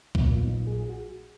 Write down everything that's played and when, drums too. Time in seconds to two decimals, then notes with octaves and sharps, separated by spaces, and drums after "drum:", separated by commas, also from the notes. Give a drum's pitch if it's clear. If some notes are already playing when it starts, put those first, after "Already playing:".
0.15 A#1 A#2 F#3 B3, drum: kick
0.25 A#3
0.34 B3
0.45 D#4
0.67 G#4
0.79 G#4
0.89 F#4